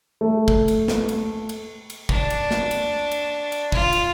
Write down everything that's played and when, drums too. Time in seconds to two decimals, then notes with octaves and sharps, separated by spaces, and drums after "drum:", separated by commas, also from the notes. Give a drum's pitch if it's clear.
0.21 A3
0.48 drum: kick
0.68 drum: cymbal
0.88 drum: snare
1.09 drum: cymbal
1.49 drum: cymbal
1.90 drum: cymbal
2.09 D4, drum: kick
2.30 drum: cymbal
2.51 drum: snare
2.71 drum: cymbal
3.11 drum: cymbal
3.52 drum: cymbal
3.72 F4, drum: kick
3.93 drum: cymbal